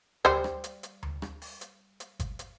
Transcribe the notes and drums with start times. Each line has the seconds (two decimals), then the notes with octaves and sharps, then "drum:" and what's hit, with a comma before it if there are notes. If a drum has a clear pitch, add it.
0.25 G3 C5, drum: tom D2
0.44 drum: rim click
0.64 drum: hi-hat
0.83 drum: hi-hat
1.03 drum: tom D2
1.22 drum: rim click
1.42 drum: open hi-hat
1.61 drum: hi-hat
2.00 drum: hi-hat
2.20 drum: kick G1, hi-hat
2.39 drum: hi-hat